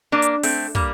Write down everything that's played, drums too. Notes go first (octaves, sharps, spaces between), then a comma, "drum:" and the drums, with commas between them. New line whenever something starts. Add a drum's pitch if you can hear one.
A#3 D4
drum: hi-hat
A3 C4, drum: open hi-hat
G3 A#3, drum: kick